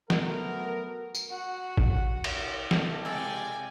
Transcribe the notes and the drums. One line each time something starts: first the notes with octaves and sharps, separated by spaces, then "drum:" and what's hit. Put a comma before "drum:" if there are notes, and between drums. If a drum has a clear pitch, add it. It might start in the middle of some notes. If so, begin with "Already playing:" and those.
F#3 A3 B3 F#4 A#4, drum: snare
drum: tambourine
F#4 F#5
drum: kick
drum: cymbal
A3, drum: snare
C#2 C3 G#3 A4 D5 G5 G#5